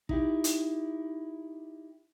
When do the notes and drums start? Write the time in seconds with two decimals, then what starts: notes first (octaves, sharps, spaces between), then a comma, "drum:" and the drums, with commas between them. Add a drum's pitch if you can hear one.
0.09 D#4 E4 G4, drum: kick
0.44 drum: hi-hat